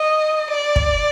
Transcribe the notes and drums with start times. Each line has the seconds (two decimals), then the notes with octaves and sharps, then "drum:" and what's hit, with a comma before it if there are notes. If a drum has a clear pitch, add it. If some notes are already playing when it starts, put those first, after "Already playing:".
Already playing: D#5
0.51 D5
0.76 drum: kick